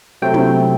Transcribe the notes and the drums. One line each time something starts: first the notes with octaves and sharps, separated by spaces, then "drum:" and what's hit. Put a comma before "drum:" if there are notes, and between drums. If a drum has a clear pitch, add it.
C3 F#3 A3 C4 G5
drum: tom